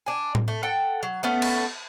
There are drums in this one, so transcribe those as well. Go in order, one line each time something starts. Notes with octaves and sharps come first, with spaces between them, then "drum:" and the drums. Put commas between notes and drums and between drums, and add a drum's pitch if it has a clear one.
D4 G#5
drum: tom A2
A3
A4 F#5 G5
F#3
A3 B3 C#4
drum: cymbal